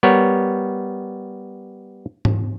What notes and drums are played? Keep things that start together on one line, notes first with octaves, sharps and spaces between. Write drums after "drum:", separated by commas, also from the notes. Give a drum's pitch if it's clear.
G3 B3 A#4 C#5
drum: tom G#2